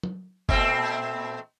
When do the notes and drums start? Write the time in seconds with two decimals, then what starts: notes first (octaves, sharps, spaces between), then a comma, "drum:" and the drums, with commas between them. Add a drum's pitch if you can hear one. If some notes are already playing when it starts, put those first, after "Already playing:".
0.03 drum: tom
0.49 A#2 A3 C4, drum: kick